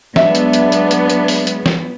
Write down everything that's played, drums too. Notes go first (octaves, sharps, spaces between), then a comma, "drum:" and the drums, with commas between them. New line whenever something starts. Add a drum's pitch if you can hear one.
F#3 G#3 B3 D4 E5, drum: snare
drum: hi-hat
drum: hi-hat
drum: hi-hat
drum: hi-hat
drum: hi-hat
drum: open hi-hat
drum: hi-hat
drum: snare